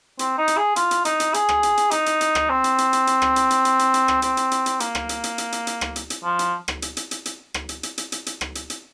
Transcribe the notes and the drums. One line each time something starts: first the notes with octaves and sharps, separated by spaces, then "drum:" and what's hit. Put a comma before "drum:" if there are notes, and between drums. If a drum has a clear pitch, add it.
C4, drum: hi-hat
D#4
drum: hi-hat
G#4
F4, drum: hi-hat
drum: hi-hat
D#4, drum: hi-hat
drum: hi-hat
G#4, drum: hi-hat
drum: rim click
drum: hi-hat
drum: hi-hat
D#4, drum: hi-hat
drum: hi-hat
drum: hi-hat
drum: rim click
C4
drum: hi-hat
drum: hi-hat
drum: hi-hat
drum: hi-hat
drum: rim click
drum: hi-hat
drum: hi-hat
drum: hi-hat
drum: hi-hat
drum: hi-hat
drum: rim click
C4, drum: hi-hat
drum: hi-hat
drum: hi-hat
drum: hi-hat
A#3, drum: hi-hat
drum: rim click
drum: hi-hat
drum: hi-hat
drum: hi-hat
drum: hi-hat
drum: hi-hat
drum: rim click
drum: hi-hat
drum: hi-hat
F3
drum: hi-hat
drum: rim click
drum: hi-hat
drum: hi-hat
drum: hi-hat
drum: hi-hat
drum: rim click
drum: hi-hat
drum: hi-hat
drum: hi-hat
drum: hi-hat
drum: hi-hat
drum: rim click
drum: hi-hat
drum: hi-hat